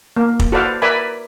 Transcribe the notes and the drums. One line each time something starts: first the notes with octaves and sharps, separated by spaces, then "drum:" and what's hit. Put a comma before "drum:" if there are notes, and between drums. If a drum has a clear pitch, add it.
A#3
drum: kick
F#4 A4 B4 C5 D5 F5
A#4 B4 D5 E5 G#5 B5